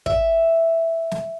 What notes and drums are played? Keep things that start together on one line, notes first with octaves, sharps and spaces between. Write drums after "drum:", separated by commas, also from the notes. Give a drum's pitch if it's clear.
E5, drum: kick
drum: snare